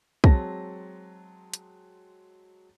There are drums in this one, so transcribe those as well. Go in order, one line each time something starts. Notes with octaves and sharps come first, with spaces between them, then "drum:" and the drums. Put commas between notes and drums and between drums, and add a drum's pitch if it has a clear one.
F#3 G#3 C4 A5 A#6, drum: kick
drum: hi-hat